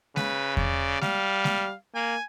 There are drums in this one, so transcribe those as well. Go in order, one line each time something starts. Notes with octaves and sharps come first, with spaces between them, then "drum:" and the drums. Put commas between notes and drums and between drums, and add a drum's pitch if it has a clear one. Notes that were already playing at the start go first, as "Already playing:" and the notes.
C#3 B4, drum: snare G#3
D5, drum: kick E2
G3 F5, drum: snare G#3
drum: snare G#3
A#3 G#5